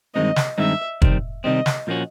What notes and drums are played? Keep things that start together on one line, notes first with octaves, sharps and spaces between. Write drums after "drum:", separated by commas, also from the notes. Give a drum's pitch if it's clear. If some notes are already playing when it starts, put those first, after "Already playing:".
G2 D#3 G#3 C4 D#4 D#5
drum: snare
G2 D#3 G#3 C4 D#4 E5
C3 D#3 G3 C4, drum: kick
C3 D#3 G3 C4 D#5
drum: snare
A#2 F3 A#3 C#4 F#4